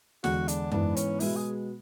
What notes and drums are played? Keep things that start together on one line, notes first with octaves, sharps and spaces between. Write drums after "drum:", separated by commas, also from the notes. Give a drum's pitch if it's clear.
E2 D3 G#3 F#4, drum: snare
D4, drum: hi-hat
G#2 E3 B3 D4, drum: tom F#2
C#4, drum: hi-hat
B2 G#3 B3 E4, drum: open hi-hat
G#4